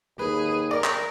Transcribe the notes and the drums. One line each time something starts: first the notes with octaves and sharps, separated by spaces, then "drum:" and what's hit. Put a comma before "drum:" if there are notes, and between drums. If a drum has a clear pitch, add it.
D#2 G#4 B4
A#4 D5
drum: clap